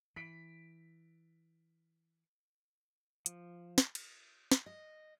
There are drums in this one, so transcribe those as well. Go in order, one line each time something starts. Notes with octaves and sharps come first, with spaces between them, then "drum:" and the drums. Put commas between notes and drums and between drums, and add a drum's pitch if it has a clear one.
E3 B6 D7
F3, drum: hi-hat
drum: snare
drum: cymbal
drum: snare
D#5